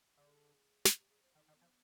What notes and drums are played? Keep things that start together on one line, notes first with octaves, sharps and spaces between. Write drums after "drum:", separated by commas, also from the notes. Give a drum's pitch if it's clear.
D3 G#4
drum: snare
G4
G#4
C5
D#3 D#4
D#3
B3
F3